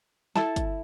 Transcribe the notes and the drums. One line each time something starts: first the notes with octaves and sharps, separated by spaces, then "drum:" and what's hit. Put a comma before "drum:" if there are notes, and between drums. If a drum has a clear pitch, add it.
E4 A4 A5, drum: snare
drum: kick, hi-hat